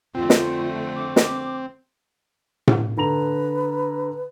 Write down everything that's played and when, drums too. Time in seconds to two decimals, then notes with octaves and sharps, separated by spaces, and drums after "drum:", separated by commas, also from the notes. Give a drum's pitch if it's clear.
0.15 F2 D3 A3 C4 F4
0.30 drum: snare
0.95 D6
1.16 drum: snare
2.67 drum: tom A2
2.97 D3 B4 A#5 F7